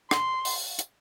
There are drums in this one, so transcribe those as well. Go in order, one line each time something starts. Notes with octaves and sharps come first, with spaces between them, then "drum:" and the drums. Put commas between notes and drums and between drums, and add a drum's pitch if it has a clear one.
C6, drum: rim click
drum: open hi-hat
drum: hi-hat